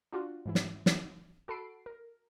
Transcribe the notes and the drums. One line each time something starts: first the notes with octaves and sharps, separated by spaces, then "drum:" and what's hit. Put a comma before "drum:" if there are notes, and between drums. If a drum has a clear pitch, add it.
D4 F4 F#4
G#2 E3 E4
drum: snare
drum: snare
F#4 A4 B5 C7 D7
A#4